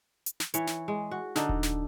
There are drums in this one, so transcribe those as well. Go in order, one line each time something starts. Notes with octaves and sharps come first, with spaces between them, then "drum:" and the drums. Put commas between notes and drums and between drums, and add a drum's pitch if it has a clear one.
drum: hi-hat
drum: snare
E3 C#5, drum: hi-hat
drum: snare
G#3
F#4
D3 D4 D#4, drum: snare
drum: kick D#1
drum: snare